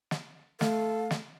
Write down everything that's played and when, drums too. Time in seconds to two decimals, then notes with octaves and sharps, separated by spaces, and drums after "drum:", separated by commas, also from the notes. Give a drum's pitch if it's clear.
0.11 drum: snare
0.61 A3 A4 F5, drum: snare
1.11 drum: snare